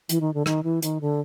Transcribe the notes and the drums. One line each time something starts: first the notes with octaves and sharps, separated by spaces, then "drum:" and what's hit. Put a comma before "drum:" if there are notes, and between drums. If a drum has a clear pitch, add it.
E3, drum: hi-hat
D#3
D3
D#3, drum: rim click
E3
D#3, drum: hi-hat
D3